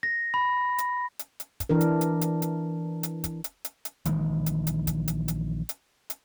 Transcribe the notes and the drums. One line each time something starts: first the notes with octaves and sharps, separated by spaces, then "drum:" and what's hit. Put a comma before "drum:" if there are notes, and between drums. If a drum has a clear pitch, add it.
A#6
B5
drum: hi-hat
drum: hi-hat
drum: hi-hat
drum: kick, hi-hat
E3 D4 A#4
drum: hi-hat
drum: hi-hat
drum: hi-hat
drum: hi-hat
drum: hi-hat
drum: kick, hi-hat
drum: hi-hat
drum: hi-hat
drum: hi-hat
A#1 D#3 E3 G#3, drum: hi-hat
drum: hi-hat
drum: hi-hat
drum: kick, hi-hat
drum: hi-hat
drum: hi-hat
drum: hi-hat
drum: hi-hat